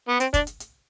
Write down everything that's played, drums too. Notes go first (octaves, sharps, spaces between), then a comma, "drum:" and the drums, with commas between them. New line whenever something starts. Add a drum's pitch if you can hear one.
B3
C4, drum: hi-hat
D4, drum: kick, hi-hat
drum: hi-hat
drum: hi-hat